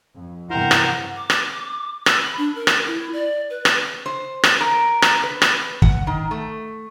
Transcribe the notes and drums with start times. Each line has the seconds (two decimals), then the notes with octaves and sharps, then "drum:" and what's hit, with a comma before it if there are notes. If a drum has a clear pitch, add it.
0.15 F2
0.50 E2 G2 C3 E4 A#4 C5 F#5 G5
0.71 drum: rim click
1.16 D6
1.30 drum: rim click
2.06 E6, drum: rim click
2.21 B5
2.38 D4
2.55 A#4
2.67 drum: rim click
2.87 E4
3.13 D5
3.50 B4
3.65 drum: rim click
4.06 C5
4.44 drum: rim click
4.61 A#4
5.02 drum: rim click
5.24 B4
5.42 drum: rim click
5.82 F#5, drum: kick
6.07 D#3
6.31 A3